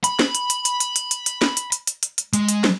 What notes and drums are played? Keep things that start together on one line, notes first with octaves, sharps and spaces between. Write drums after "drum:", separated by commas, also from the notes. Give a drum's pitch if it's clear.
B5, drum: hi-hat
drum: snare
drum: hi-hat
drum: hi-hat
drum: hi-hat
drum: hi-hat
drum: hi-hat
drum: hi-hat
drum: hi-hat
drum: snare
drum: hi-hat
drum: hi-hat
drum: hi-hat
drum: hi-hat
drum: hi-hat
G#3, drum: hi-hat
drum: hi-hat
drum: snare